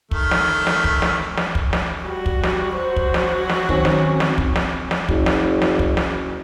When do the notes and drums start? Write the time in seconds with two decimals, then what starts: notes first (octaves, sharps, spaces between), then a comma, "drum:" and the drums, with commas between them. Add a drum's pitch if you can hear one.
0.11 D#3 A3, drum: kick
0.31 drum: snare
0.67 drum: snare
0.84 drum: kick
1.02 drum: snare
1.37 drum: snare
1.55 drum: kick
1.73 drum: snare
2.03 G3 F#4
2.26 drum: kick
2.43 drum: snare
2.73 F#3 F#4 C5
2.96 drum: kick
3.14 drum: snare
3.49 drum: snare
3.69 D#3 C4 C#4, drum: kick
3.85 drum: snare
4.20 drum: snare
4.38 drum: kick
4.56 drum: snare
4.91 drum: snare
5.09 F#1, drum: kick
5.26 drum: snare
5.62 drum: snare
5.79 drum: kick
5.97 drum: snare